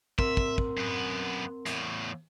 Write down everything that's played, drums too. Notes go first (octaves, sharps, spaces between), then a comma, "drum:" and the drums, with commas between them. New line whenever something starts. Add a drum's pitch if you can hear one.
C4 A#4 E5 C6, drum: kick
drum: kick
drum: kick
F#2 B3
E2 A2, drum: hi-hat